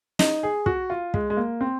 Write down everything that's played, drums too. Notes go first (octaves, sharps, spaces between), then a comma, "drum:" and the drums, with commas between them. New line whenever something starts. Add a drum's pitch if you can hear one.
D#4, drum: snare
G#4
F#4, drum: kick
F4
G#3, drum: kick
G#3
A#3
C4